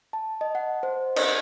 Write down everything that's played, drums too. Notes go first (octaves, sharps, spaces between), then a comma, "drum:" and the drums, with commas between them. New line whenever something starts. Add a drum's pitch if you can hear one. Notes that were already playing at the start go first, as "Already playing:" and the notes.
A5
D#5
F#5
C5
D#5, drum: cymbal